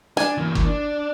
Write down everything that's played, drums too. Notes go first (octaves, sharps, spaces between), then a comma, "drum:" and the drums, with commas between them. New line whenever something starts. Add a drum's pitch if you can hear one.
D4 G#5, drum: rim click
E3 A#3
drum: kick F#1
D4